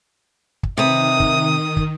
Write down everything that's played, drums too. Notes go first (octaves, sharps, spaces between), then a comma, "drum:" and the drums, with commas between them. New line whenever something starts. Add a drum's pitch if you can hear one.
drum: kick
C3 D#3 B4 E5 D#6
drum: kick
drum: kick